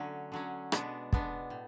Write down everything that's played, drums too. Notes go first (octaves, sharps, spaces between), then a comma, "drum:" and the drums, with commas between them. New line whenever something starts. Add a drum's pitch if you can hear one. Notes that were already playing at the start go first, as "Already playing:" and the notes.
Already playing: D3 F#3 A3 C#4 F#4
D3 F#3 C#4
B2 G#3 B3 D4, drum: rim click
B2 G#3 B3 D4, drum: kick
A2